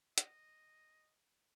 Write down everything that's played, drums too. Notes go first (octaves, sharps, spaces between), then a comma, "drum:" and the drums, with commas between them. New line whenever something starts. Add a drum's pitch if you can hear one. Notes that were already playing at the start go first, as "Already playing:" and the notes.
D#5, drum: hi-hat